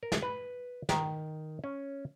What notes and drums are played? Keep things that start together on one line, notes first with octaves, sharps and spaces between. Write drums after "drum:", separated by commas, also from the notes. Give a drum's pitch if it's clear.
A#4
drum: snare
B4
D#3, drum: snare
C#4